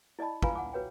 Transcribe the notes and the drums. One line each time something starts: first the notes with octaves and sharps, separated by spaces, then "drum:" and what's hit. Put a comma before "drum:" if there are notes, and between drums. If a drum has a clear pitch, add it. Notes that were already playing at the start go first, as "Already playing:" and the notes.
E4 D5 D#5 A5 B5
F4 B4 F5 G#5 A#5 B5, drum: kick
F#5 G#5 D6
F#4 B4 C#5 G5